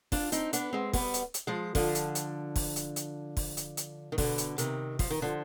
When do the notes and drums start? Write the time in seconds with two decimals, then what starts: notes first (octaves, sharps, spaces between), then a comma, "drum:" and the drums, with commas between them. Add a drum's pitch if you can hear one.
0.12 D4 F4, drum: kick, open hi-hat
0.32 C4 D#4, drum: hi-hat
0.53 B3 D4, drum: hi-hat
0.73 G#3 C4
0.93 G3 B3, drum: kick, open hi-hat
1.14 drum: hi-hat
1.34 drum: hi-hat
1.47 F3 G#3
1.75 D3 F3, drum: kick, open hi-hat
1.95 drum: hi-hat
2.15 drum: hi-hat
2.56 drum: kick, open hi-hat
2.76 drum: hi-hat
2.96 drum: hi-hat
3.37 drum: kick, open hi-hat
3.57 drum: hi-hat
3.77 drum: hi-hat
4.12 D#3
4.18 B2 D3, drum: kick, open hi-hat
4.38 drum: hi-hat
4.58 C3 D#3, drum: hi-hat
4.99 F3, drum: kick, open hi-hat
5.11 D#3
5.22 D3 F3